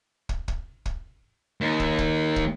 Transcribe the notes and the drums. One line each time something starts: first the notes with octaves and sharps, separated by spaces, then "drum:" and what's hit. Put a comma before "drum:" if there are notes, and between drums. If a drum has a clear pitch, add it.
drum: kick
drum: kick
drum: kick
D#2
drum: kick
drum: kick
drum: kick